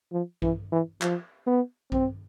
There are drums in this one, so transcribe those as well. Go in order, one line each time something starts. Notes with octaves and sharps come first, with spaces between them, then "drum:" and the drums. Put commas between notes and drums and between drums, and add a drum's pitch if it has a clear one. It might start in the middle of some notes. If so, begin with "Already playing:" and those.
F3
E3, drum: kick A#1
E3
F3, drum: clap
B3
C4, drum: kick A#1